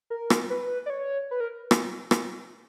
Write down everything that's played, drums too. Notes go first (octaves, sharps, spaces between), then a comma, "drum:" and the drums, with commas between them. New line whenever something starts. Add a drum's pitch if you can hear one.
A#4
drum: rim click
B4
D5
C#5
B4
A#4
drum: rim click
drum: rim click